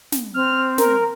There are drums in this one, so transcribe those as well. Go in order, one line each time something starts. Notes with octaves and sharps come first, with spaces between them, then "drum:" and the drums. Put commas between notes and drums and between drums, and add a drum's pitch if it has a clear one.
drum: snare
C4 F6
A#4, drum: snare